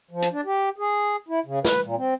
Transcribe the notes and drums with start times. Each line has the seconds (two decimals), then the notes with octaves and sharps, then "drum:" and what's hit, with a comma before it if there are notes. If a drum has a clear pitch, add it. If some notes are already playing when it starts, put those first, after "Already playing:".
0.11 F3
0.22 drum: hi-hat
0.32 D4
0.45 G4
0.78 G#4
1.28 E4
1.46 C#3
1.65 B4, drum: snare
1.82 A#2
1.96 C4